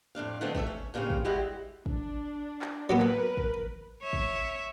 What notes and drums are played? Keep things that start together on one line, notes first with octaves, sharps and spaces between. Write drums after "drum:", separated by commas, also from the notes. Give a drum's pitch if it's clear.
F2 A2 D4 F5
D3 E3 F3 G#3 A3 C4
A3 A4 D5 E5, drum: kick
C#4
G2 A#2 C#3 C4 C#4
drum: kick
G3 G#3 E4 F#4 G4
D4, drum: kick
drum: clap
F#3 A#3 B3 A#4 B4
drum: clap
drum: kick
C#5 E5
drum: kick